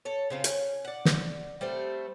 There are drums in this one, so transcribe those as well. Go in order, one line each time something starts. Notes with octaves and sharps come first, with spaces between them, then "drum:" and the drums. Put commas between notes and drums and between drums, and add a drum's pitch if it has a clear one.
A4 C#5
C#3 C4 F4
C#4, drum: hi-hat
D5 F#5
drum: snare
G3 A3 C4 C5